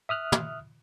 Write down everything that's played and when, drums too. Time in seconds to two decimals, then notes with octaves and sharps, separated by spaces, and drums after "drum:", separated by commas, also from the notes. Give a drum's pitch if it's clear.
0.09 E5 D#6 F6 F#6
0.32 drum: tom